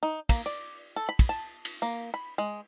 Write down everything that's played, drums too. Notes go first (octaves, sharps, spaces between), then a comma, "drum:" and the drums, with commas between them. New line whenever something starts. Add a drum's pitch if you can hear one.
D#4
A#3, drum: kick, cymbal
D5
A4
B5
drum: kick, cymbal
A5
drum: cymbal
A#3
B5
G#3